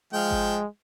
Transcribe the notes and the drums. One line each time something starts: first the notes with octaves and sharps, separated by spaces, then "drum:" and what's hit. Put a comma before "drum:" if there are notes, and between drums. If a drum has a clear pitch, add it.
F3 G#3 F5 G5
drum: kick G1